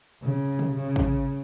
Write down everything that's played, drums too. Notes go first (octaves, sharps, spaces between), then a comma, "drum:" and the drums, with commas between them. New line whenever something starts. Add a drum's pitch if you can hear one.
C#3
drum: tom
C#3
drum: kick